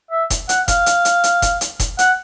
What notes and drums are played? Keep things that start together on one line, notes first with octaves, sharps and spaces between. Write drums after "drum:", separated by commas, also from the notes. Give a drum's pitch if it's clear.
E5
drum: kick F1, hi-hat
F#5, drum: hi-hat
F5, drum: kick F1, hi-hat
drum: hi-hat
drum: hi-hat
drum: hi-hat
drum: kick F1, hi-hat
drum: hi-hat
drum: kick F1, hi-hat
F#5, drum: hi-hat